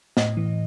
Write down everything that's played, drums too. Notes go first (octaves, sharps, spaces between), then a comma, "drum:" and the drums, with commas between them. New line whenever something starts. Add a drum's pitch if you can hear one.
A2 D#5, drum: snare
E3